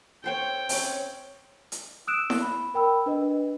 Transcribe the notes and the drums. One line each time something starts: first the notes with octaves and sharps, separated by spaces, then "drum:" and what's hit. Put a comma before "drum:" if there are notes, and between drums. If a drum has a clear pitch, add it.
A4 C5 C#5 G5
C4 C#4, drum: open hi-hat
drum: hi-hat
D#6 E6 F#6 D7 E7
drum: snare E4
B5
A#4 G5 B5 E6
D4 B4 D#5